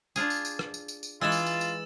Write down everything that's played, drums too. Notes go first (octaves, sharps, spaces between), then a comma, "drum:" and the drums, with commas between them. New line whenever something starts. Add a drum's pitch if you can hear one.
D4 F4 G#4, drum: tambourine
drum: tambourine
drum: tambourine
drum: rim click
drum: tambourine
drum: tambourine
drum: tambourine
E3 G#3 F4 E6 A6 E7
drum: tambourine
drum: tambourine
drum: tambourine